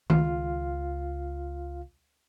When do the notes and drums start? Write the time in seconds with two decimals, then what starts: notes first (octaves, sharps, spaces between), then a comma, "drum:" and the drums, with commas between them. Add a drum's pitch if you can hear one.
0.10 C#2 F4 F5, drum: tom D#3